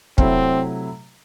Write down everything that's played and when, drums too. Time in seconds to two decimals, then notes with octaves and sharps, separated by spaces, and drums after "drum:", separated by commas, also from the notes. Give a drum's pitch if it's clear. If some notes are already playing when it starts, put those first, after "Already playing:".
0.18 C3 F#3 A3 C4 E4, drum: kick